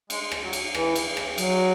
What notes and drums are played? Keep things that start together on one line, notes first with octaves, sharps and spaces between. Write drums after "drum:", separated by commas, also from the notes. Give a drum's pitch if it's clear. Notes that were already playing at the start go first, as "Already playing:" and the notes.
G#3, drum: cymbal
drum: rim click
F#3
drum: cymbal
E3, drum: rim click
drum: cymbal
drum: rim click
F#3, drum: cymbal